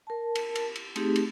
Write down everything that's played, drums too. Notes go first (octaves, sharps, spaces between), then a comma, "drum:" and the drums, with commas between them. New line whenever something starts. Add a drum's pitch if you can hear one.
A#4 A5
drum: cymbal
drum: cymbal
drum: cymbal
A3 C4 D#4 G4 G#4, drum: cymbal
drum: cymbal